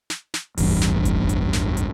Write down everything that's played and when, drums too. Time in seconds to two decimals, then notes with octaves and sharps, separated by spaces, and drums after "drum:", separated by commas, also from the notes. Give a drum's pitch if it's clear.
0.10 drum: snare
0.34 drum: snare
0.58 D1 A1 E2 G2, drum: open hi-hat
0.81 drum: snare
1.05 drum: kick F1, hi-hat
1.29 drum: hi-hat
1.53 drum: snare
1.77 drum: hi-hat